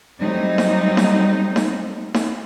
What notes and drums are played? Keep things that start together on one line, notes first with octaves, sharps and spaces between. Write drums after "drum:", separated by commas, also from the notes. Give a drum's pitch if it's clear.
F#3 G3 A3 C4 D#4
drum: snare D#4
drum: snare D#4
drum: snare D#4
drum: snare D#4